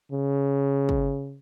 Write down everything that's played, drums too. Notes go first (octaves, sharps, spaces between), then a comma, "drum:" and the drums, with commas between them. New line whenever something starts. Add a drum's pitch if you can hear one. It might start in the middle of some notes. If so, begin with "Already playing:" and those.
C#3
drum: kick